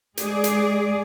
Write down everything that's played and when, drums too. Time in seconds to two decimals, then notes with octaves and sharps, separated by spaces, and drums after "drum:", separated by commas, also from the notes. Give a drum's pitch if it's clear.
0.17 G#3 G#4 D5, drum: hi-hat
0.44 drum: hi-hat